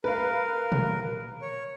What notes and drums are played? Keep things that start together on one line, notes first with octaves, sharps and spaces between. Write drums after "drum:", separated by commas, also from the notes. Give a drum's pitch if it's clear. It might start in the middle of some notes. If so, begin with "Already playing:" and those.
A#4 B4 F5
drum: tom
C#5